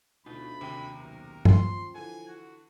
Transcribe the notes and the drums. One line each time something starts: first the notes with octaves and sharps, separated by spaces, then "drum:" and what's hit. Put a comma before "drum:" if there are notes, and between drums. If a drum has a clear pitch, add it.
D2 B2 D#4 F4 B5
D#2 C3 C#4 G5
B1 A#4
F3 C6, drum: tom G2
D3 E3 G#5
F#4